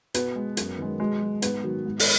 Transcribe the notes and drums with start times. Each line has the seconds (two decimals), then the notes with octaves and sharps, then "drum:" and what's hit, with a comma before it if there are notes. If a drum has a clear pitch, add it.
0.14 B2 B3, drum: hi-hat
0.36 G#3
0.57 F#2, drum: hi-hat
0.78 D#3 G#3
1.00 B2 G#3
1.22 F#3
1.42 G#2 B3, drum: hi-hat
1.64 D#3 F#3
1.86 G#2
1.99 drum: open hi-hat